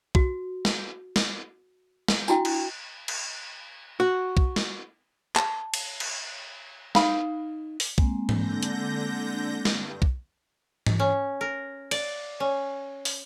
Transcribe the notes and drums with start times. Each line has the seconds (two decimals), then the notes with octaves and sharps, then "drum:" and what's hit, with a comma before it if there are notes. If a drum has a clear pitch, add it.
0.15 F#4, drum: kick B1
0.65 drum: snare
1.16 drum: snare
2.08 drum: snare
2.28 D4 E4 F#4 G5, drum: tambourine
2.45 drum: cymbal
3.08 drum: cymbal
4.00 F#4
4.37 drum: kick B1
4.56 drum: snare
5.36 A5, drum: clap
5.74 drum: cymbal
6.00 drum: cymbal
6.95 D#4 F5 B5, drum: snare
7.80 drum: open hi-hat
7.98 G#3 A#3 C4, drum: kick B1
8.29 D3 G6 A#6, drum: tom G#2
8.63 drum: hi-hat
9.65 G2, drum: snare
10.02 drum: kick B1
10.87 drum: tom G#2
11.00 C#4
11.41 A#4
11.91 D5, drum: cymbal
12.40 C#4
13.05 drum: open hi-hat